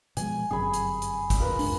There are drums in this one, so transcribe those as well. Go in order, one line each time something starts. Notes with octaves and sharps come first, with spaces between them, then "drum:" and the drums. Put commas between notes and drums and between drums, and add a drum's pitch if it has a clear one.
B2 F3 G#3 G#5, drum: hi-hat
G1 F#2 C3 G#4 B5
drum: hi-hat
drum: hi-hat
drum: kick, hi-hat
C2 F4 A#4 B4
F2 G#2 D4, drum: open hi-hat